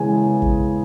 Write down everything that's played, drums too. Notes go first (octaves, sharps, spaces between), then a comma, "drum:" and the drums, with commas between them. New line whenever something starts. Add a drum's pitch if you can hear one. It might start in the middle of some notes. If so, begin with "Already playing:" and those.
Already playing: C#3 E3 G#3 B3 G#5
drum: kick